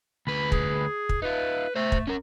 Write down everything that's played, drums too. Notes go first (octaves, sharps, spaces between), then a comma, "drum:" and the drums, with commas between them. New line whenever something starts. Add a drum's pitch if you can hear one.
D2 B4 B5
G#4, drum: kick
drum: kick
D#4 F4 B4
A3 C5 E5
drum: kick
C#4 A#4